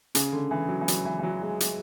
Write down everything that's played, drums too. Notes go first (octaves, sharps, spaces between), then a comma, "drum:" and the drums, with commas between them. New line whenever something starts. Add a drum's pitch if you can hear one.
C#3, drum: hi-hat
D3
E3
F#3
E3
F#3, drum: hi-hat
E3
E3
F#3
G#3
drum: hi-hat